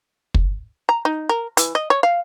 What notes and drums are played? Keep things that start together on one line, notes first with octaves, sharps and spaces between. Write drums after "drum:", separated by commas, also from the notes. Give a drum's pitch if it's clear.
drum: kick
A#5
D#4
A#4
E3, drum: hi-hat
D#5
C#5
F5